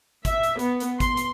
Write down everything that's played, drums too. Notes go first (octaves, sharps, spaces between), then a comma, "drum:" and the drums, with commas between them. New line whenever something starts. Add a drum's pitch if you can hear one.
E5, drum: kick G#1, hi-hat
drum: hi-hat
B3, drum: hi-hat
drum: hi-hat
C6, drum: kick G#1, hi-hat
drum: hi-hat